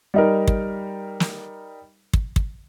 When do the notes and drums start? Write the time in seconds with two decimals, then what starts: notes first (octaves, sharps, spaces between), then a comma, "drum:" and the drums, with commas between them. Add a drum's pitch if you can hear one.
0.14 G3 D#4 A#4
0.47 drum: kick
1.20 drum: snare
2.13 drum: kick
2.36 drum: kick